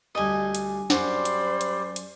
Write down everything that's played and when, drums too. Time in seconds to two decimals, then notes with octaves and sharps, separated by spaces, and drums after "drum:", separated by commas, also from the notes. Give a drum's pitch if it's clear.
0.15 D2 G2 G3 D#5 G#5
0.55 drum: hi-hat
0.90 F#2 G3 F#4 C5 D5, drum: snare
1.25 drum: hi-hat
1.61 drum: hi-hat
1.96 drum: hi-hat